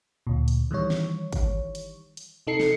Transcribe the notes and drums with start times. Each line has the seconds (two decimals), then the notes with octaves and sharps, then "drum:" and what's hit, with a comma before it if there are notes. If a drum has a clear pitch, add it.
0.27 D2 A#2
0.48 drum: hi-hat
0.71 D#3 E3 G3 C#5
0.90 drum: snare
1.33 drum: kick, hi-hat
1.75 drum: hi-hat
2.17 drum: hi-hat
2.47 C3 D#4 A4 C7 C#7
2.60 drum: snare